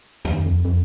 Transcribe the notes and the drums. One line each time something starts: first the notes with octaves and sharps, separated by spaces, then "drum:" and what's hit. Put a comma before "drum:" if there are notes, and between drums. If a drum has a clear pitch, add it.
D#2, drum: tom F2
F2
F2